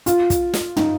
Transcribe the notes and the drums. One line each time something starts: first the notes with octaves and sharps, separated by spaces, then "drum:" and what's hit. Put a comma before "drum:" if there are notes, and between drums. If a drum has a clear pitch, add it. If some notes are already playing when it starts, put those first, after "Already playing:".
F4, drum: hi-hat
drum: kick, hi-hat
drum: snare
D#4, drum: tom